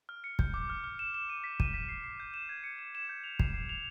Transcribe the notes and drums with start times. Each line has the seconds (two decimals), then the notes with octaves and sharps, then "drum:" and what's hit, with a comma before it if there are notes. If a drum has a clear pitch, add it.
0.09 F6
0.24 C#7
0.39 G6, drum: kick
0.54 D6
0.70 F6
0.84 F6
0.99 E7
1.14 E7
1.29 D#7
1.44 B6
1.60 D#7, drum: kick
1.74 B6
1.89 C7
2.04 C7
2.20 G6
2.34 E7
2.49 G#6
2.64 C#7
2.79 E7
2.95 E7
3.09 G6
3.24 F7
3.40 C7, drum: kick
3.54 C7
3.69 F7